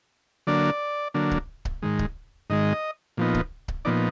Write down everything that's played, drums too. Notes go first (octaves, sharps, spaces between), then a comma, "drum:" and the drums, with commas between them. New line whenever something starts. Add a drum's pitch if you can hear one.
D3 F#3 A#3 D4 D5
D3 F#3 A#3 D4
drum: kick C#1
drum: kick C#1
G#2 D#3 G#3
drum: kick C#1
G#2 D#3 G#3 D#5
A#2 F3 B3 D#4
drum: kick C#1
drum: kick C#1
A#2 F3 B3 D#4 D5